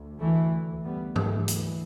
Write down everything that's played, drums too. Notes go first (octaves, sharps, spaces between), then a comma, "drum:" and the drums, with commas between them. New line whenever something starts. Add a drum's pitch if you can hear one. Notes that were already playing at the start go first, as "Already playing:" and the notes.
Already playing: D2
E3 A3
D2 G3 B3
E3 A3, drum: tom G#2
E3, drum: hi-hat